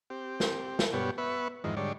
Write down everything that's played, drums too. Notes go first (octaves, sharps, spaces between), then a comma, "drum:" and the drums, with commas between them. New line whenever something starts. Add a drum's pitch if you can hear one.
C4 G4
drum: snare
drum: snare
G2 B2 B3 G4 C#5
B3 B4 E5 C#6
F2 G#2 D#3 E3
G#2 D3 G3 C#5 D5